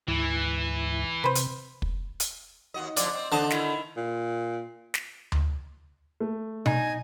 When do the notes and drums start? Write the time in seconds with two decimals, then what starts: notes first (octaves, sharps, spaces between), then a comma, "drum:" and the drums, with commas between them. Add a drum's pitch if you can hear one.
0.08 D2 G#2 E3 E4
1.24 C3 B4 C5
1.35 drum: hi-hat
1.82 drum: kick
2.20 drum: hi-hat
2.74 D#2 F#4 D#5
2.97 F2 D3 F#3 D5, drum: hi-hat
3.15 C4
3.32 D3 D4 C5 D#5 A5
3.50 D#3 E4, drum: snare
3.97 A#2
4.94 drum: snare
5.32 drum: tom D2
6.20 A3
6.66 D#4 G#5, drum: tom B2